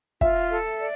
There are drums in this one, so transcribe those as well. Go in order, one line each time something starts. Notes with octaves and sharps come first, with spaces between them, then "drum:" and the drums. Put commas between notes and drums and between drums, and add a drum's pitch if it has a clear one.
F4 E5, drum: kick
A4
D5